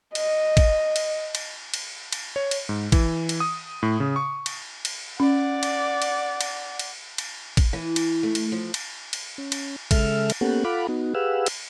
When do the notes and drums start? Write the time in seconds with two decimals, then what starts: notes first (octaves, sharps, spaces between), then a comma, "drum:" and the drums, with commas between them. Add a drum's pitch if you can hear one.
0.15 D#5, drum: cymbal
0.57 drum: kick, cymbal
0.96 drum: cymbal
1.35 drum: cymbal
1.74 drum: cymbal
2.12 drum: cymbal
2.36 C#5
2.51 drum: cymbal
2.69 G#2
2.92 E3, drum: kick, cymbal
3.29 drum: cymbal
3.40 D#6
3.83 A2
4.00 C#3
4.16 C#6
4.46 drum: cymbal
4.85 drum: cymbal
5.20 C#4 D5 F#5
5.63 drum: cymbal
6.02 drum: cymbal
6.41 drum: cymbal
6.79 drum: cymbal
7.18 drum: cymbal
7.57 drum: kick, cymbal
7.73 E3
7.96 drum: cymbal
8.23 A3
8.35 drum: cymbal
8.52 F3
8.74 drum: cymbal
9.13 drum: cymbal
9.38 C#4
9.52 drum: cymbal
9.91 C#3 G#3 A4 E5 F6, drum: kick, cymbal
10.30 drum: cymbal
10.41 A#3 B3 C#4 G4 A4 F#5
10.65 F4 A4 F5 F#5 B5 D6
10.89 B3 D#4 F#4
11.15 G4 G#4 B4 F5 F#5 E6
11.46 drum: cymbal